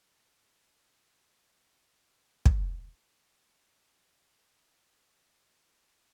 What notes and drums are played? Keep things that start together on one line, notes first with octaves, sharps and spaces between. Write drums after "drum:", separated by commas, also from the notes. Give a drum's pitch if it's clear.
A5
A#1
drum: kick
F#2
G#3 G#4 D5
G2 D3 G4 E5
D3 G3 F5 G5
A#3